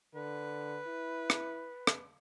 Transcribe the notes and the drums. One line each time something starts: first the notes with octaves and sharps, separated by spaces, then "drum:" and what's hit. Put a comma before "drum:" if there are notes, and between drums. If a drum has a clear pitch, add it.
D3 B4
E4
drum: rim click
drum: rim click